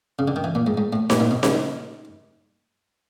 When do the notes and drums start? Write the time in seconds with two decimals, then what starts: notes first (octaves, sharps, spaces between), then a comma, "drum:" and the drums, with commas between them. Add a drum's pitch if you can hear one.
0.19 C#3
0.28 D3
0.36 D#3
0.44 E3
0.55 A#2
0.67 G#2
0.78 G#2
0.93 A2
1.10 A#2, drum: snare D#4
1.20 A#2
1.31 B2
1.43 C#3, drum: snare D#4